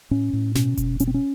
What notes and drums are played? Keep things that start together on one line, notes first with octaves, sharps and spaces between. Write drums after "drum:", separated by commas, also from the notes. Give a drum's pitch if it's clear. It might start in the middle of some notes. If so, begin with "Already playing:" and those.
A2 C#4
A2
B2 C#4, drum: snare
B2, drum: kick F1, hi-hat
B2 C#4, drum: hi-hat
C4
C#4